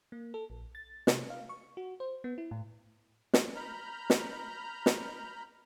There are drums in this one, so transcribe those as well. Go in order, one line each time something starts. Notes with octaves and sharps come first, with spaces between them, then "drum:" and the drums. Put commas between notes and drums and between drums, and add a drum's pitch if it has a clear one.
A#3
A4
A#1
A6
C3, drum: snare
F5
C#6
F#4
C5
B3
E4
A2
drum: snare
A#5 B5 F6 G6
drum: snare
drum: snare